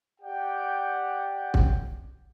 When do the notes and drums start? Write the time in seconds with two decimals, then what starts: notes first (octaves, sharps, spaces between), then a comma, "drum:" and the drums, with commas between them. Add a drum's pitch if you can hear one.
0.21 G4 D5 F#5 G5
1.54 drum: kick